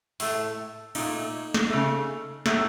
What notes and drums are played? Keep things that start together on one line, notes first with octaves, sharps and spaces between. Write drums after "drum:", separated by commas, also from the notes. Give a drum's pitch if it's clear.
A2 A3, drum: open hi-hat
A#2 A3 D#4, drum: cymbal
drum: snare
C#3 A3
A2 F#3 A3, drum: snare